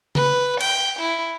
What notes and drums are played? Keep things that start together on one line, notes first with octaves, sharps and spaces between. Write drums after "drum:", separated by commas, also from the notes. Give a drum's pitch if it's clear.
B4, drum: tom C#3
G5, drum: cymbal
E4